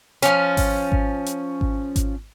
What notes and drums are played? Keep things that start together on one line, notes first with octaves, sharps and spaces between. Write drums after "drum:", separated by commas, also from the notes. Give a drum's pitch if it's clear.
F3 C#4, drum: hi-hat
drum: kick G#1, open hi-hat
drum: kick G#1
drum: hi-hat
drum: kick G#1
drum: kick G#1, hi-hat